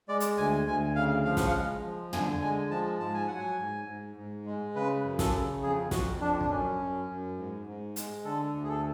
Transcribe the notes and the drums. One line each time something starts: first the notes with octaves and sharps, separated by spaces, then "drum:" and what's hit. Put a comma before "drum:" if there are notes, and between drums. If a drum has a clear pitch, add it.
G#3 D5
drum: hi-hat
D2 G#5
D2 G#5
C#3 F5
F3 F5
F#5, drum: snare
F5
G#3
F3
D3 G#5, drum: tom
G#3 G#5
F3 A5
G#2 A5
G#5
F#3 F#5
G#5
G#2
G#2
G#2
G#3
C#3 B4
F#2
A4, drum: snare
C#3
F2 G#4
F2 F#4, drum: snare
F2 D4
D4, drum: kick
F#2 C#4
F#2
F#2
G#2
G#2
G#3, drum: hi-hat
D3 A4
D2
G#4
A4